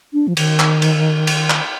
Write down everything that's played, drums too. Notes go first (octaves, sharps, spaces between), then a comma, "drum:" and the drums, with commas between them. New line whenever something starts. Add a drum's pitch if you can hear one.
D4
F3
D#3, drum: cymbal
drum: clap
drum: cymbal
drum: cymbal
drum: clap